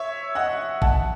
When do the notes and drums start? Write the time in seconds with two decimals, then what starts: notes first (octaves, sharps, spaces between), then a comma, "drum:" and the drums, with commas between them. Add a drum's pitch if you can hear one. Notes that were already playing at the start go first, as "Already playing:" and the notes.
Already playing: C#5 E5
0.35 D#5 F#5
0.82 F#5 A5, drum: kick